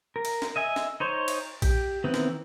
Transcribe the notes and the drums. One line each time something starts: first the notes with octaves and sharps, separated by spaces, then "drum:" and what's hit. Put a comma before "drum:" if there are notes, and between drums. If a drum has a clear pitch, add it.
A#4
drum: cymbal
drum: snare
D#5 E5 G#5
drum: snare
D#4 C5 C#5
drum: cymbal
G4, drum: kick A#1, cymbal
D#3 E3 B3 C4
drum: snare